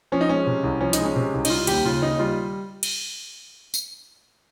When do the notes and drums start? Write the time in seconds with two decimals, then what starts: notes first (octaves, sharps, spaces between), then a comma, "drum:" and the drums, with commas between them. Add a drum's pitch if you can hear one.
0.12 F3 C#4
0.21 D#4
0.29 G#3 C#4
0.47 C3
0.63 C2
0.81 F3 C#4
0.93 G#3 D#4, drum: hi-hat
1.05 C#4
1.16 C3
1.34 C2
1.45 D#4, drum: cymbal
1.50 G3 F4
1.67 D#2 G4, drum: cymbal
1.85 C#3 F4
2.02 D#2 D#4
2.19 G3 F4
2.83 drum: cymbal
3.74 drum: tambourine